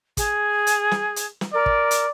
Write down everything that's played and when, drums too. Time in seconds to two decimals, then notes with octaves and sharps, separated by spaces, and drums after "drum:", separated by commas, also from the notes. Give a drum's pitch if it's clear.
0.17 G#4, drum: kick, hi-hat
0.67 drum: hi-hat
0.91 drum: snare
1.16 drum: hi-hat
1.41 drum: snare
1.53 A#4 D5
1.66 drum: kick
1.91 drum: hi-hat